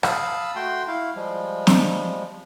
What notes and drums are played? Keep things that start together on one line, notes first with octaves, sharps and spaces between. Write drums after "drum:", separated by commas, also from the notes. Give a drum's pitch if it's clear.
F5 A5 B5 D#6 E6, drum: rim click
A3 F#4 G5 C6
E4 F5
F3 G3 G#3
drum: snare